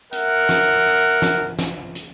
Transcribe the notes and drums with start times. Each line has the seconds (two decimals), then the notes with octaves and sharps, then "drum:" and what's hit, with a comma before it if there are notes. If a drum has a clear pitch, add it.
0.13 A#4 E5 F#5, drum: hi-hat
0.49 drum: snare
1.22 drum: snare
1.59 drum: snare
1.95 drum: hi-hat